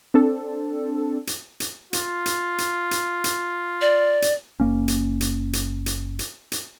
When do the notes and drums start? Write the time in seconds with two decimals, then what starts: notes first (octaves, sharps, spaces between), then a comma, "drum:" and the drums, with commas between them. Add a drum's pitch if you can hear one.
0.14 C4 D4 A4
1.27 drum: hi-hat
1.60 drum: hi-hat
1.93 F4, drum: hi-hat
2.26 drum: hi-hat
2.58 drum: hi-hat
2.91 drum: hi-hat
3.24 drum: hi-hat
3.81 D5
4.22 drum: hi-hat
4.60 F#1 A#3 C#4
4.88 drum: hi-hat
5.21 drum: hi-hat
5.53 drum: hi-hat
5.86 drum: hi-hat
6.19 drum: hi-hat
6.52 drum: hi-hat